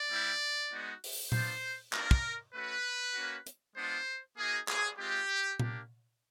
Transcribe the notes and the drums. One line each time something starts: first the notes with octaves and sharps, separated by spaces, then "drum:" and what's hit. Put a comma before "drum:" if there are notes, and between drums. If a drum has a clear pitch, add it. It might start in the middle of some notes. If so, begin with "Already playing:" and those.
Already playing: D5
G3 C4 E4 G4
G#3 B3 D#4 F#4
drum: open hi-hat
B3 D4 F4 C5, drum: tom A#2
A#3 D4 F4 A#4, drum: clap
drum: kick
A3 C#4 F#4 B4
A#3 C#4 F#4
drum: hi-hat
G#3 B3 D4 F4 C5
A#3 D#4 F#4 G#4
G#4, drum: clap
G#3 C4 F4 G4
A#3 D4 G4, drum: tom A#2